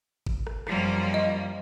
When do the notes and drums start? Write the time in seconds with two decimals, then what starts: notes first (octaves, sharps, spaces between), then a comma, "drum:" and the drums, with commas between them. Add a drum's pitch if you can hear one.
0.27 drum: kick G1
0.47 drum: rim click
0.67 F#2 F3 G3 A#3, drum: rim click
1.14 D#5